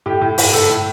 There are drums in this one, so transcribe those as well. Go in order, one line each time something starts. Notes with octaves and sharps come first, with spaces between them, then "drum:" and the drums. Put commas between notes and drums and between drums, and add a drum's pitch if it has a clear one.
A2 G4
A2
A2, drum: open hi-hat
A2 A4
A2